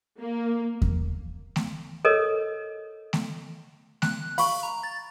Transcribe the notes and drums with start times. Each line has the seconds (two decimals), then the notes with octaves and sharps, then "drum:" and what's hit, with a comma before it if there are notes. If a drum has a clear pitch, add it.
0.19 A#3
0.82 drum: kick E2
1.56 drum: snare A3
2.05 A4 A#4 C#5 D#5
3.13 drum: snare A3
4.02 F#6, drum: snare A3
4.38 F5 B5 C#6, drum: open hi-hat
4.63 A#5
4.83 A6